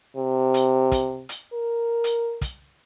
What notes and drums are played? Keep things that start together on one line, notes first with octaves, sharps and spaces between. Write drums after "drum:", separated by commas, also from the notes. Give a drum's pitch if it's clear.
C3
drum: hi-hat
drum: kick, hi-hat
drum: hi-hat
A#4
drum: hi-hat
drum: kick, hi-hat